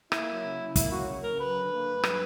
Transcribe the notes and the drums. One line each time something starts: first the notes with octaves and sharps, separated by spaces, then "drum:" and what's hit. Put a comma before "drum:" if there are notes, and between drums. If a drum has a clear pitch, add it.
A#3 E4, drum: rim click
F#3
C#3
C#3
A#3 E4, drum: kick, hi-hat
F#3 F#4
C#3
C#3 A#4
F#3 B4
D3
A#3
G2
F#3, drum: rim click